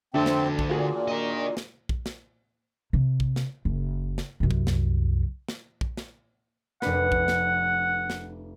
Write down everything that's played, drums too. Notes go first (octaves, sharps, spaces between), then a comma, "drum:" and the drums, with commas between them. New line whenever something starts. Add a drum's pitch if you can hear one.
F1 D2 A3 C4 D4 A4 E5
drum: snare
drum: kick A#1
A#2 F4 F#4 G#4
A#4 D#5
drum: snare
drum: kick A#1
drum: snare
C3
drum: kick A#1
drum: snare
F#1
drum: snare
C2 F#2
drum: kick A#1
drum: snare
drum: snare
drum: kick A#1
drum: snare
F1 D4 B4 F#5, drum: snare
drum: kick A#1
drum: snare
drum: snare